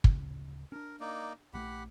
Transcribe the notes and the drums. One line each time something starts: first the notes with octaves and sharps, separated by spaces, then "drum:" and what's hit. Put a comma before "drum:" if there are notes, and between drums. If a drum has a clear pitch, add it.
D1 C#3, drum: kick
C#4 D4 A#4
A#3 D#4 D5
A#1 G3 A3 G4 F#5 B5